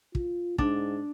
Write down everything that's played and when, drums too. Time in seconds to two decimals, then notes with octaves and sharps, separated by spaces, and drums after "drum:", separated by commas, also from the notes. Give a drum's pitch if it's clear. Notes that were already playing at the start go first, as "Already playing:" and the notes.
0.15 F4, drum: kick
0.58 G#2 D4, drum: kick